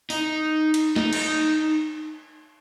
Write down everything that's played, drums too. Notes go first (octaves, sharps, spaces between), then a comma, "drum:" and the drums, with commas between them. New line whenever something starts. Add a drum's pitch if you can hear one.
D#4, drum: open hi-hat
drum: cymbal
D#4, drum: snare
drum: cymbal